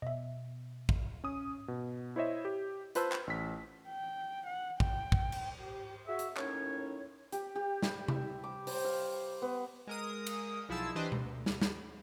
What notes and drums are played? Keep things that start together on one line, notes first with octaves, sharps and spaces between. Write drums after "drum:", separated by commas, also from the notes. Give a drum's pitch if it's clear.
B2 D#5 E5
drum: kick
C#4 D#6
B2
E4 C5 C#5 D#5 E5
G4
F4 B4 C5 A5 E6, drum: hi-hat
drum: clap
A1 B6
G5
F#5
G5, drum: kick
drum: kick
drum: cymbal
G4
F#4 G#4 E5
drum: hi-hat
D#2 A2 C#4 D#4 C#5, drum: clap
G4, drum: hi-hat
G4
G3, drum: snare
E5, drum: tom C3
D6
C5, drum: open hi-hat
F5
B3
G#3 A#4 D#6
drum: cymbal
B1 F3 E4 G#4 A5 E6
E3 D4 G4 B4 C5 D#5
D2, drum: tom B2
drum: snare
drum: snare